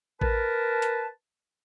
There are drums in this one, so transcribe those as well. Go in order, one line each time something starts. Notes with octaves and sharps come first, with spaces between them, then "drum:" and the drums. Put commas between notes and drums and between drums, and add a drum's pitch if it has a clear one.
A#4 B4 A5, drum: kick A1
drum: hi-hat